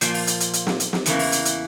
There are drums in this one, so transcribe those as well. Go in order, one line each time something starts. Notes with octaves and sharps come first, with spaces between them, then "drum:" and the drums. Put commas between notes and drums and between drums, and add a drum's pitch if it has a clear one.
A#2 F3 A#3 F4, drum: hi-hat
drum: open hi-hat
drum: hi-hat
drum: hi-hat
drum: hi-hat
drum: snare
drum: hi-hat
drum: snare
E2 C#3 E3 A#3, drum: hi-hat
drum: open hi-hat
drum: hi-hat
drum: hi-hat